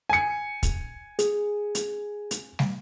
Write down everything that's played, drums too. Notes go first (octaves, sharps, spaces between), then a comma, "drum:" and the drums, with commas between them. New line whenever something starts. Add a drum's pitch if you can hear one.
G#5 C#7
drum: kick, hi-hat
G#4, drum: hi-hat
drum: hi-hat
drum: hi-hat
drum: snare